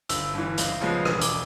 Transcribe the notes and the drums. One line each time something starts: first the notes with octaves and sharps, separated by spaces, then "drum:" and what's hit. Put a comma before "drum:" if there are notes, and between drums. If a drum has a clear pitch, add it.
G1 E6, drum: hi-hat
G2 E3
C#2, drum: hi-hat
C#3 F3 G#3 B3
E1 D#6, drum: rim click
D6, drum: hi-hat